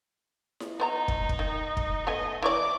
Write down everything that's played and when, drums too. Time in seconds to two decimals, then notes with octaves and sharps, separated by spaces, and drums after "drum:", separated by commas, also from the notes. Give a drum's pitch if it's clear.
0.60 drum: snare E4
0.80 B3 D#4 C5 A#5
1.08 drum: kick
1.29 drum: kick
1.39 D#3
1.77 drum: kick
2.07 A3 B3 D#5 G#5
2.42 E3 C#5 D5 D6